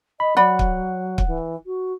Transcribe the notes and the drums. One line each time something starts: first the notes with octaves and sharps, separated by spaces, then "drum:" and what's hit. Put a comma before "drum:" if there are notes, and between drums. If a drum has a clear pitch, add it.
D#5 B5
F#3 D5 F#5 B5
drum: kick
drum: kick
E3
F#4